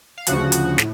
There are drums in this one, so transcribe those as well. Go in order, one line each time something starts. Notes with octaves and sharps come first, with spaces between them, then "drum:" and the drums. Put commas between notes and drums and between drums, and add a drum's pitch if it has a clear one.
F5
D2 C#3 F3 F#4 F#5, drum: hi-hat
drum: hi-hat
A2, drum: snare